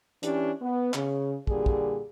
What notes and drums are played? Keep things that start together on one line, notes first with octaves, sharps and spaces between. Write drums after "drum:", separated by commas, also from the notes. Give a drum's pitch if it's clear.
E3 C#4 D4 G4, drum: hi-hat
B3
C#3, drum: clap
A#2 D3 G3 G#4, drum: kick
drum: kick